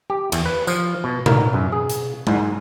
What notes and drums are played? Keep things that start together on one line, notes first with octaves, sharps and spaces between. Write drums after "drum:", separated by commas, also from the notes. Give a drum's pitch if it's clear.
G4
E2, drum: cymbal
B4
F3, drum: tambourine
B2
A#4, drum: tom B2
F#2
G#4
drum: hi-hat
G#2, drum: tom G#3